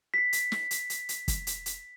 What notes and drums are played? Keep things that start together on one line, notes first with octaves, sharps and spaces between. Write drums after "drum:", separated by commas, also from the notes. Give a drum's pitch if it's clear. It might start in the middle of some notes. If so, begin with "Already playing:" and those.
B6 C7
drum: hi-hat
drum: snare
drum: hi-hat
drum: hi-hat
drum: hi-hat
drum: kick, hi-hat
drum: hi-hat
drum: hi-hat